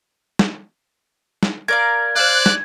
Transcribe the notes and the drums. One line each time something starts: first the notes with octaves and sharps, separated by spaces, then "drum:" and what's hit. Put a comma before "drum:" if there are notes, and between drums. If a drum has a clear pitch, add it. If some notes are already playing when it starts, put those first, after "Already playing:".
drum: snare
drum: snare
A#4 D5 F5 G#6
C5 D5 F5 F#6
drum: snare